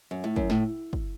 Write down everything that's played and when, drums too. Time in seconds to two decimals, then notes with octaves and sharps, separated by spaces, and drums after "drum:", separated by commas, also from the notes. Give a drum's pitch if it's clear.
0.11 F#2
0.24 A2
0.36 F#2, drum: kick
0.50 A2, drum: snare
0.93 drum: kick